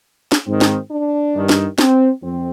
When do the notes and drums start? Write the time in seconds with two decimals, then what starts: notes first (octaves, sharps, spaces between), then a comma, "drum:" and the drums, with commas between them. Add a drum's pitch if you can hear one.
0.32 drum: snare
0.46 G#2 D#3 C4
0.61 drum: snare
0.91 D4
1.35 G2 D#3
1.49 drum: snare
1.78 C4, drum: snare
2.23 F2 C4